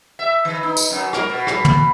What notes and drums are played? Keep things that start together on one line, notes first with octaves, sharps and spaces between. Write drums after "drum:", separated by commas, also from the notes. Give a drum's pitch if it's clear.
E5
D#3
D#4
drum: tambourine
F#2
A#4, drum: rim click
B2
drum: rim click
drum: tom